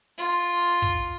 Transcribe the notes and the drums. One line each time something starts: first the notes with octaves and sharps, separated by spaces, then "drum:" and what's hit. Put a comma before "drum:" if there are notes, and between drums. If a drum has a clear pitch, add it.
F4, drum: hi-hat
drum: kick